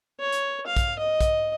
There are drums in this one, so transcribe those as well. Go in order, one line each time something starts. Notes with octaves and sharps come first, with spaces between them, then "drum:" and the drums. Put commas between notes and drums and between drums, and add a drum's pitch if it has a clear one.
C#5
drum: hi-hat
F5
drum: kick, hi-hat
D#5
drum: kick, hi-hat